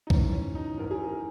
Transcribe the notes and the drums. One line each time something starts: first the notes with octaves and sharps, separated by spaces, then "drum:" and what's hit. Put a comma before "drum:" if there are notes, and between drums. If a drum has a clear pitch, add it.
D#4
G#2 E3 C#4, drum: kick C2
C#4
D#4
G#2 E3 A#4
G#4
A#4